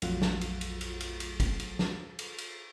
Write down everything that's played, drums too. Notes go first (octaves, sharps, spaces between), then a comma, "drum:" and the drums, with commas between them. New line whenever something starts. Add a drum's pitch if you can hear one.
A#1 F2 F#3 A3 F4 F#5, drum: cymbal
drum: snare
drum: cymbal
drum: cymbal
drum: cymbal
drum: cymbal
drum: cymbal
drum: kick, cymbal
drum: cymbal
drum: snare
drum: cymbal
drum: cymbal